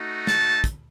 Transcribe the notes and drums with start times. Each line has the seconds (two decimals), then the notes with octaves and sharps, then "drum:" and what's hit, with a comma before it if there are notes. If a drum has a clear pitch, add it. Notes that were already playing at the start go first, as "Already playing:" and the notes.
Already playing: A3 D#4 F#4
0.27 A5, drum: snare
0.64 drum: kick, hi-hat